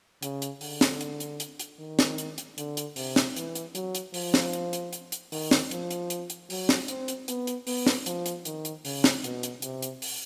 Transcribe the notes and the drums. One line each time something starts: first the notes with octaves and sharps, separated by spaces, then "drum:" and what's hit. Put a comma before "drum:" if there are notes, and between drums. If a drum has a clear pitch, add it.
C#3, drum: hi-hat
drum: hi-hat
D3, drum: open hi-hat
drum: snare
drum: hi-hat
drum: hi-hat
drum: hi-hat
drum: hi-hat
D#3
drum: snare
drum: hi-hat
drum: hi-hat
D3, drum: hi-hat
drum: hi-hat
C3, drum: open hi-hat
drum: snare
E3, drum: hi-hat
drum: hi-hat
F#3, drum: hi-hat
drum: hi-hat
F3, drum: open hi-hat
drum: snare
drum: hi-hat
drum: hi-hat
drum: hi-hat
drum: hi-hat
D#3, drum: open hi-hat
drum: snare
F3, drum: hi-hat
drum: hi-hat
drum: hi-hat
drum: hi-hat
F#3, drum: open hi-hat
drum: snare
C4, drum: hi-hat
drum: hi-hat
B3, drum: hi-hat
drum: hi-hat
B3, drum: open hi-hat
drum: snare
F3, drum: hi-hat
drum: hi-hat
D#3, drum: hi-hat
drum: hi-hat
C#3, drum: open hi-hat
drum: snare
B2, drum: hi-hat
drum: hi-hat
C3, drum: hi-hat
drum: hi-hat
drum: open hi-hat